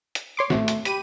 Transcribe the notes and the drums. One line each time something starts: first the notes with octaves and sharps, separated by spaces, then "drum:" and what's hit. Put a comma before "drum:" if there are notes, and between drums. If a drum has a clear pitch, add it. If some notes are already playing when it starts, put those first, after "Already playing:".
drum: hi-hat
C#5 C6 D6
A1 C3 A3 F#4, drum: snare
drum: hi-hat
G4 B5 D#7, drum: hi-hat